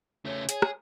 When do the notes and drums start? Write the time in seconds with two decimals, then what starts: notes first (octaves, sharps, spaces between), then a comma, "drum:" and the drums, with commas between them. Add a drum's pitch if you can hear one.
0.25 C#3 A3 C#5
0.49 G#4 C#5, drum: hi-hat
0.62 drum: rim click